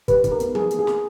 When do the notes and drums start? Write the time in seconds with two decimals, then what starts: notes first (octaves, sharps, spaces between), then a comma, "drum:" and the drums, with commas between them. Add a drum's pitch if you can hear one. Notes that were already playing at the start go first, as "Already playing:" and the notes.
0.08 G4 B4, drum: kick, hi-hat
0.24 D#4, drum: kick, hi-hat
0.31 A#4
0.40 B3, drum: hi-hat
0.55 D#4 G#4, drum: tom
0.71 A#3, drum: hi-hat
0.79 G#4
0.87 A#3, drum: snare